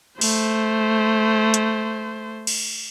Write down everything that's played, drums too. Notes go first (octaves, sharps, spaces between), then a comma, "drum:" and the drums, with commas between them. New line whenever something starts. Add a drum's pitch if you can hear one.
A3 C5, drum: open hi-hat
drum: hi-hat
drum: cymbal